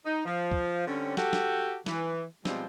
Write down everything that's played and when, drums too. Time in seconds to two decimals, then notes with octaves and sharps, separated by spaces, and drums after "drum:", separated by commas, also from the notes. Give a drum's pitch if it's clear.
0.05 D#4
0.26 F3
0.52 drum: kick
0.87 D3 G3 C4 C#4
1.17 F#4 G4 A4, drum: snare
1.33 drum: snare
1.86 E3, drum: snare
2.45 B2 F3 G3 G#3 C4 C5, drum: snare